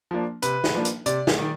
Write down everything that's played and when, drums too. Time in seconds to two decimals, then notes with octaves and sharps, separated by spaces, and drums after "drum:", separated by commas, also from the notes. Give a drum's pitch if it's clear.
0.11 F3 A#3 D4
0.42 C3 B4, drum: hi-hat
0.64 drum: snare
0.74 F3 A#3 D4
0.85 drum: hi-hat
1.06 C3 D5, drum: hi-hat
1.27 drum: snare
1.38 D#3